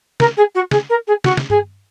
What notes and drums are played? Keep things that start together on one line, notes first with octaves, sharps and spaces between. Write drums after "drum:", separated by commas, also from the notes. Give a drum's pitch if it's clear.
A#4, drum: snare
G#4
F#4
G#4, drum: snare
A#4
G#4
F#4, drum: snare
drum: snare
G#4, drum: tom G2